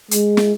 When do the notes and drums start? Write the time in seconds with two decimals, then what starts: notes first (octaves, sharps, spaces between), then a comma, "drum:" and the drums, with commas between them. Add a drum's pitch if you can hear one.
0.11 G#3, drum: hi-hat
0.37 drum: snare